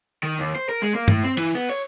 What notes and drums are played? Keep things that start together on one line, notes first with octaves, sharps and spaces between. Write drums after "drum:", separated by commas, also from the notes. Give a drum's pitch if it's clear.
D#3
D#2
C5
A#4
G#3
A#3
A2, drum: tom G2
C4
E3, drum: cymbal
B3
C#5